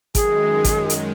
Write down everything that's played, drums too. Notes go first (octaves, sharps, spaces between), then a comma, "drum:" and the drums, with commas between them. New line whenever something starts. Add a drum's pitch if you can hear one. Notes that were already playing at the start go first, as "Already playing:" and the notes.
F#2 D#3 G#3 G#4, drum: kick, hi-hat
drum: kick, hi-hat
drum: hi-hat